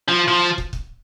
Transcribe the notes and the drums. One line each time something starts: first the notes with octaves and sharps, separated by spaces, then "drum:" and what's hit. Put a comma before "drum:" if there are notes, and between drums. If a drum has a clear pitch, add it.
F3
F3
drum: kick
drum: kick